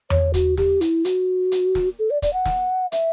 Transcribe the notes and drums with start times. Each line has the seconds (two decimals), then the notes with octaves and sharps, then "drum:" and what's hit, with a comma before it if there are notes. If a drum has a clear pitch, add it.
0.10 C#5, drum: tom E2
0.34 F#4, drum: kick, hi-hat
0.57 G4, drum: snare
0.81 E4, drum: hi-hat
1.05 F#4, drum: hi-hat
1.52 drum: hi-hat
1.75 drum: snare
1.99 A4
2.10 D5
2.22 D5, drum: kick, hi-hat
2.33 F#5
2.45 drum: snare
2.92 E5, drum: hi-hat